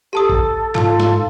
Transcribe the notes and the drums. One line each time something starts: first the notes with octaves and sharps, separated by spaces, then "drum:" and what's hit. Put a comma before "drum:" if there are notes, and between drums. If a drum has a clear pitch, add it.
G4 A4 A5 D#6
drum: kick A1
G#2 F4 A5, drum: clap
drum: snare